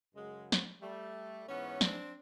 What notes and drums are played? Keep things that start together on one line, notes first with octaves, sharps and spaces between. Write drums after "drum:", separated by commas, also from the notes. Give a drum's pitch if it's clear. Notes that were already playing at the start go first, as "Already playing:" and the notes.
F#2 C#3 F#3 G#3
drum: snare
G3 A3
G#2 E3 B3 C#4
C4 D4, drum: snare